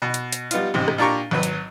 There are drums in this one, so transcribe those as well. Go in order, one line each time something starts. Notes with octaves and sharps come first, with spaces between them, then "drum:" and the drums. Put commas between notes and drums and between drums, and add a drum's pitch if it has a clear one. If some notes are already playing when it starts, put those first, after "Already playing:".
B2
drum: hi-hat
drum: hi-hat
G3 B3 D#4 F4, drum: hi-hat
A1 G#2 C3
drum: rim click
A#2 D4 G4 A#5 C#6
G#1 F#3 B4
drum: hi-hat